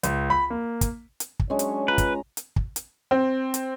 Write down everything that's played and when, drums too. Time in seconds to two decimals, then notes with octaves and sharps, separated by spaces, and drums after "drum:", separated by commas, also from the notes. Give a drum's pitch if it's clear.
0.03 C#2, drum: hi-hat
0.30 B5
0.50 A#3
0.81 drum: kick, hi-hat
1.20 drum: hi-hat
1.40 drum: kick
1.50 F#3 G#3 C#4 D4 C#5
1.59 drum: hi-hat
1.88 F4 B4 A#5
1.98 drum: kick, hi-hat
2.37 drum: hi-hat
2.56 drum: kick
2.76 drum: hi-hat
3.11 C4
3.54 drum: hi-hat